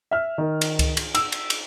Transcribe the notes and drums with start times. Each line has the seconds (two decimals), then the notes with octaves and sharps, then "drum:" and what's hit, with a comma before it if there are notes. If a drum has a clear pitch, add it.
0.11 E5 F6
0.38 D#3
0.61 drum: cymbal
0.79 drum: kick C#2, cymbal
0.97 drum: cymbal
1.15 E6, drum: cymbal
1.32 drum: cymbal
1.50 drum: cymbal